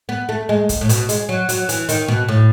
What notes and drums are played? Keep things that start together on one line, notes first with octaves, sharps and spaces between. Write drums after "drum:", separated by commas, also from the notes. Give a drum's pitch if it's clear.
B3
A3
G#3
drum: kick, hi-hat
A2
B2, drum: hi-hat
G#3, drum: hi-hat
F#3
F#3, drum: hi-hat
E3, drum: hi-hat
D#3, drum: hi-hat
B2
A2